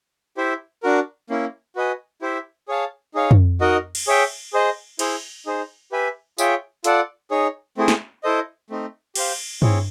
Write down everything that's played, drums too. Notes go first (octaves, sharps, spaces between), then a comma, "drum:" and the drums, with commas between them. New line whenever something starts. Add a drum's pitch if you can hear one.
E4 G4 C5 E5
D4 F#4 A#4
A#3 C#4 E4
F#4 B4 D#5 G#5
E4 G4 C5 E5
G#4 C#5 F5 A5
D#4 G#4 C#5 F5
drum: tom F2
D#4 F#4 A#4 D#5
drum: cymbal
G#4 C#5 E5 G5
G#4 C5 D#5
E4 G#4 C5, drum: cymbal
D#4 G#4 C5
G4 B4 E5 G#5
F4 G#4 C#5 E5 G5, drum: tambourine
F4 A4 D5 F#5 A5, drum: hi-hat
D#4 G#4 C#5
A3 C4 E4 G#4
drum: snare
E4 A4 C5 D#5
A3 C4 D#4
G4 C5 F5, drum: cymbal
C4 E4 G#4 C#5, drum: tom G2